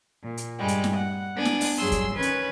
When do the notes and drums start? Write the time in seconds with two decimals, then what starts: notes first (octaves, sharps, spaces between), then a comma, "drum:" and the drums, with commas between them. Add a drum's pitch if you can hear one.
0.22 A#2
0.37 drum: hi-hat
0.58 G2 G3 G#3
0.68 drum: hi-hat
0.84 drum: snare
0.95 F#5
1.35 B3 D4 G#5
1.45 drum: snare
1.61 drum: open hi-hat
1.78 G2 F#3 G#4 C6 E6
1.92 drum: kick, hi-hat
2.12 D#3 C#4 B4 G#6
2.22 drum: hi-hat